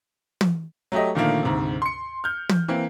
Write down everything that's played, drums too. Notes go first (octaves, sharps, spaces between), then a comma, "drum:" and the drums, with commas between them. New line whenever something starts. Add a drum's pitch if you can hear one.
drum: tom
F#3 A3 G4 D#5
A#2 D3 D#3 F3 A3 A#3
D2 G#2 C3
C6 C#7
F6 G6
drum: tom
E3 A#3 C4